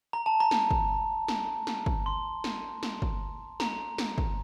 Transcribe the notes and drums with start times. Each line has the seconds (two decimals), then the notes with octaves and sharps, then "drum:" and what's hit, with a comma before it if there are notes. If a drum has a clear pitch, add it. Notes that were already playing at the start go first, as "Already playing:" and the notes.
0.13 A#5
0.26 A5
0.40 A#5
0.51 drum: snare
0.71 drum: kick
1.28 drum: snare
1.67 drum: snare
1.86 drum: kick
2.06 C6
2.44 drum: snare
2.83 drum: snare
3.02 drum: kick
3.60 A#5, drum: snare
3.98 drum: snare
4.18 drum: kick